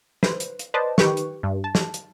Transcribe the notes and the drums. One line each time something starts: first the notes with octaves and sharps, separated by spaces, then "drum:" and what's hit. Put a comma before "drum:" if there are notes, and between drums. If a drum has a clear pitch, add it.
B4 C5, drum: snare
drum: hi-hat
drum: hi-hat
B4 C5 D5 D#5 A5
D#3 G4 B4 C#6, drum: snare
drum: hi-hat
G2
A5
drum: snare
drum: hi-hat